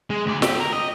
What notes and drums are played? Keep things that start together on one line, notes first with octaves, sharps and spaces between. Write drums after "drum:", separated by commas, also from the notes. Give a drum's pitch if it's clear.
G#3
D2 D5
G4 A4, drum: snare
A#4
D#5